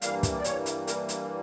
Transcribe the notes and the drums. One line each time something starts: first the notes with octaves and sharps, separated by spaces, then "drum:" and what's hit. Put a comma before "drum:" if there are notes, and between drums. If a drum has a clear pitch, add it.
G2 E3 G3 A#3 F5, drum: hi-hat
drum: kick, hi-hat
D5
C#5, drum: hi-hat
drum: hi-hat
A#4, drum: hi-hat
drum: hi-hat